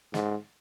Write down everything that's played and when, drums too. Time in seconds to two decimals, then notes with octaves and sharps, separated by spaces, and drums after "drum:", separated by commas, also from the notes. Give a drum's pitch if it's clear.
0.14 G#2, drum: snare